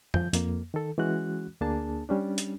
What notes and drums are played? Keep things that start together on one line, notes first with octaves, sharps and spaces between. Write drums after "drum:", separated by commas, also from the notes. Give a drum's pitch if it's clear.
F2 F3 G6, drum: tom F2
F2 A#3, drum: hi-hat
D#3 A4
E3 G#3 C#4 F#4 F#6
D2 A#3 D4 G#4 A5
G3 C#4 D4
drum: hi-hat